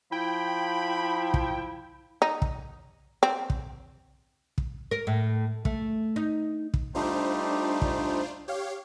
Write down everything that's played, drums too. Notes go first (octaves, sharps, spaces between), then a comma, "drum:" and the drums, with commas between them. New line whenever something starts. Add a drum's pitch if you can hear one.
F3 E4 G5 B5
drum: kick
D#4
drum: kick
C4
drum: kick
drum: kick
A#4
A2
A3, drum: kick
D#4
drum: kick
G3 A3 D4 D#4 F4 C5
drum: kick
G4 C#5 F5